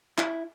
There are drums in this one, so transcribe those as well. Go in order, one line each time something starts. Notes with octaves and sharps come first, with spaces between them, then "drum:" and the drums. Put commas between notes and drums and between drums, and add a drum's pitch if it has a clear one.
E4, drum: clap